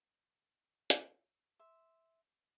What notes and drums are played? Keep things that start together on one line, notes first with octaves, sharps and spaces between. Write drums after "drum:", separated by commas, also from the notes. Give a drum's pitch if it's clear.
drum: hi-hat
E5 C6